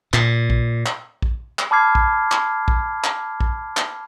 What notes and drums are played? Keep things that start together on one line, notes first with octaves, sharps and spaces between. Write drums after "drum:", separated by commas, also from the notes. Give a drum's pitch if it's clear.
A#2, drum: clap
drum: kick
drum: clap
drum: kick
drum: clap
A5 B5 D6 F6 G#6 C7
drum: kick
drum: clap
drum: kick
drum: clap
drum: kick
drum: clap